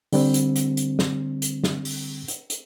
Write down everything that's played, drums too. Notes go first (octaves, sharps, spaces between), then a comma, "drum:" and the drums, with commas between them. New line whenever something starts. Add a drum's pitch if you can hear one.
D3 G3 C4, drum: open hi-hat
drum: hi-hat
drum: hi-hat
drum: hi-hat
drum: snare
drum: hi-hat
drum: snare
drum: open hi-hat
drum: hi-hat
drum: hi-hat